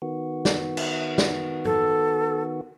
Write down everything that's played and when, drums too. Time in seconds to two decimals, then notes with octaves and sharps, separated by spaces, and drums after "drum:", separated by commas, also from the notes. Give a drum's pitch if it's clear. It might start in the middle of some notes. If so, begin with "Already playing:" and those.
0.02 D#3 B3 F#4
0.45 drum: snare
0.77 drum: cymbal
1.18 drum: snare
1.65 A4, drum: tom G#2